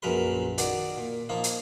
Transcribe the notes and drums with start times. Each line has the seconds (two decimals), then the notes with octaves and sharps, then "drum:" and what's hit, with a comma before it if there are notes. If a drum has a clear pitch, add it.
0.02 A#1 F#2 F#3 A#4 B4 C6
0.58 D#3 F#4 D5, drum: hi-hat
0.98 A#2
1.29 F3 A#3 D#4 F4
1.44 drum: hi-hat